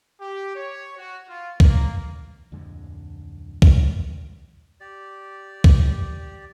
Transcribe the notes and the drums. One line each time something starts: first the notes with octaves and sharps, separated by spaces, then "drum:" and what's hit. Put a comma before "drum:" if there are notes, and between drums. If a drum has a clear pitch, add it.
G4
C#5
F#4
F4
A#3, drum: kick C#2
D1 F2 D3 G#3
drum: kick C#2
G4 D5
drum: kick C#2